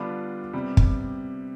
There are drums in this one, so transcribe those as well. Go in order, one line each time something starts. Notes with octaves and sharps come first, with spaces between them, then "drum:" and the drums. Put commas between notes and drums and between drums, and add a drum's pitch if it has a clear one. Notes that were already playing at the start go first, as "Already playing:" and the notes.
Already playing: D3 G3 B3 D4 F4
C3 G3 B3
drum: kick